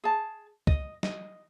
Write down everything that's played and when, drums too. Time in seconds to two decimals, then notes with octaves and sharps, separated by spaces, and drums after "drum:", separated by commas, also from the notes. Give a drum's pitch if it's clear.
0.04 G#4 A5
0.67 D#5, drum: kick
1.03 D#5, drum: snare